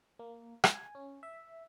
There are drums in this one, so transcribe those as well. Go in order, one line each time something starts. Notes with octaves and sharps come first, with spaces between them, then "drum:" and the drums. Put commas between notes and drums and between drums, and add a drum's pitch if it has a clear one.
A#3
G#5, drum: rim click
C#4
E5